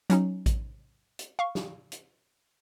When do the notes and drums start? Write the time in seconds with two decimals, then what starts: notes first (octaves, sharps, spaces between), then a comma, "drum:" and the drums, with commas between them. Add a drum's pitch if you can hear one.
0.10 F#3 C#4 D#4, drum: hi-hat
0.46 drum: kick A1, hi-hat
1.19 drum: hi-hat
1.39 F5 C#6
1.55 drum: snare
1.92 drum: hi-hat